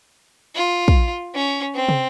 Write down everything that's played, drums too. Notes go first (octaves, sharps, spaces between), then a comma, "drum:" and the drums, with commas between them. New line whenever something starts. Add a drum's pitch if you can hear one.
F4
drum: kick
C#4
C4
drum: tom